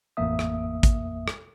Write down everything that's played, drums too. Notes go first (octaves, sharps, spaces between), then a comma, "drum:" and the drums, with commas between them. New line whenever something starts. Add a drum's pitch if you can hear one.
A1 F2 A#3 E5 D#6
drum: rim click
drum: kick A1, hi-hat
drum: rim click